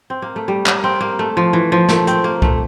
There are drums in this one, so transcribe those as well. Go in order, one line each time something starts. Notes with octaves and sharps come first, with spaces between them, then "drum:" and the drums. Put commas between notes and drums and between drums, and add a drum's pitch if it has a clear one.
C4
A#3
A3
G3
A#3, drum: clap
C4
A#3
A3
F3
E3
F3
A3, drum: snare
C4, drum: hi-hat
A#3
A3, drum: kick C2